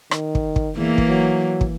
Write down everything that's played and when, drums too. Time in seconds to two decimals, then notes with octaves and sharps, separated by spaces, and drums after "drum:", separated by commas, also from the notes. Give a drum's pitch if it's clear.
0.11 D#3, drum: rim click
0.35 drum: kick
0.56 drum: kick
0.77 E2 E3 A#3
0.98 drum: kick
1.07 F#3
1.61 drum: kick